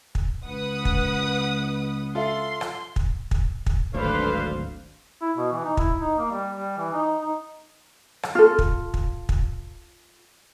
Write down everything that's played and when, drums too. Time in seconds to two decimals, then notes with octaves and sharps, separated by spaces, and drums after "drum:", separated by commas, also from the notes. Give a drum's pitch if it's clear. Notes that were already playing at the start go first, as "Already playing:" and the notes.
0.15 drum: kick
0.45 C#2 B4 F#5 D#6
0.85 drum: kick
2.15 F4 A4 E5 C6
2.61 drum: rim click
2.96 drum: kick
3.31 drum: kick
3.66 drum: kick
3.94 D1 G#1 D2 D4 A4 B4 C5 F5
5.21 E4
5.36 B2
5.53 E3
5.65 D#4
5.77 E4, drum: kick
5.97 D#4
6.18 A#3
6.31 G3
6.54 G3
6.78 E3
6.93 D#4
7.21 D#4
8.23 drum: rim click
8.35 F4 A4
8.59 drum: kick
8.94 drum: kick
9.29 drum: kick